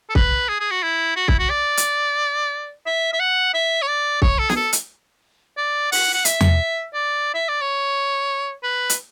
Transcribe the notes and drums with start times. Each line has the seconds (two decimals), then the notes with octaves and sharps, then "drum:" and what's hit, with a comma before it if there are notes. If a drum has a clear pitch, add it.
0.10 A4
0.15 B4, drum: kick
0.49 G#4
0.60 G#4
0.71 F#4
0.83 E4
1.16 F#4
1.28 E4, drum: kick
1.39 F#4
1.50 D5
1.77 drum: hi-hat
2.86 E5
3.13 E5
3.20 F#5
3.54 E5
3.82 C#5
3.88 D5
4.22 C#5, drum: kick
4.39 A4
4.49 G#4, drum: snare
4.56 A4
4.73 drum: hi-hat
5.57 D5
5.92 F#5, drum: open hi-hat
6.14 F#5
6.25 E5, drum: hi-hat
6.41 drum: tom E2
6.94 D5
7.34 E5
7.48 D5
7.61 C#5
8.63 B4
8.90 drum: hi-hat